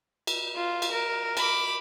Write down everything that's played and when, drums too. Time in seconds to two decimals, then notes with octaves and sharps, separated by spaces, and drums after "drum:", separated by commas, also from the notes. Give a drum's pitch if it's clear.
0.27 drum: cymbal
0.56 F4
0.82 drum: cymbal
0.92 A#4
1.37 B5 D6, drum: cymbal